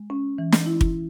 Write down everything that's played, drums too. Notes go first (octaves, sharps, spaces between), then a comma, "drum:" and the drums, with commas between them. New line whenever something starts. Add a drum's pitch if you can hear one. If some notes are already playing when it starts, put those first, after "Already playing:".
Already playing: G#3
C#4
E3
drum: snare
E4
drum: kick